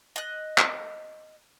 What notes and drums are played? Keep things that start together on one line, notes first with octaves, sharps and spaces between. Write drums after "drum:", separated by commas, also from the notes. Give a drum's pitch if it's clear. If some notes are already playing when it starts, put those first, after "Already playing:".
D#5 F#6
drum: clap